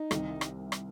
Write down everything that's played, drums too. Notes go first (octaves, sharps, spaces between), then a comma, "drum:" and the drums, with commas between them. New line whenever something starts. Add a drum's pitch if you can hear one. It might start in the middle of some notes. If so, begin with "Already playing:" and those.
Already playing: D#4
C2 C3 D#3, drum: rim click
drum: rim click
drum: rim click